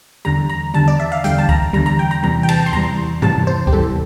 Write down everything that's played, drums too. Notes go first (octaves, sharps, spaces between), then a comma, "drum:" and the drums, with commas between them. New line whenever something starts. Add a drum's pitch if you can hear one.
E2 D3 G3 A#5
A#5
E2 D3 G3 A5
D5
E5
F5
E2 D3 G3 G5, drum: hi-hat
A5
A#5, drum: kick D2
E2 D3 G3 A#5
A#5
G5
A#5
E2 C3 E3 G3 A#5
G5
A5, drum: cymbal
C6
E2 C3 E3 G3 A#5
E2 C3 E3 G3 A5, drum: tom G2
C5
G4, drum: kick D2
E2 C3 E3 G3 A4